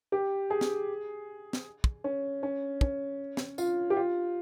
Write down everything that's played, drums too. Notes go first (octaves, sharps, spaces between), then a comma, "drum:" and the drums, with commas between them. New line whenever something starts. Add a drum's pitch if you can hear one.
G4
G#4
drum: snare
drum: snare
drum: kick
C#4
C#4
C#4, drum: kick
drum: snare
F4, drum: tambourine
G4
F4